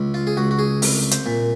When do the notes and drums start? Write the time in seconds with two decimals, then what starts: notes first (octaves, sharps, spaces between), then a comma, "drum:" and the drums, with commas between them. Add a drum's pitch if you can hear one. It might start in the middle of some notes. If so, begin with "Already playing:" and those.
Already playing: C#2
0.14 F4
0.27 G#4
0.37 C#2 F#4
0.51 F#4
0.59 G#4
0.82 C2, drum: open hi-hat
1.11 C5, drum: hi-hat
1.26 A#2